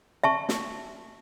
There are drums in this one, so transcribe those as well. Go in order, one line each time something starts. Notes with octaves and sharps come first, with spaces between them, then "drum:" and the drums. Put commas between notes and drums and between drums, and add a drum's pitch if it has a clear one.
E5 A5 C#6
drum: snare